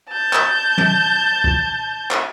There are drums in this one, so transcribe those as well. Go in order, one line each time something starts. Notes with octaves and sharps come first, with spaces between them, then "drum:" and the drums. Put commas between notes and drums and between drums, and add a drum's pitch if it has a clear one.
A5 G6
drum: clap
drum: tom
drum: kick
drum: clap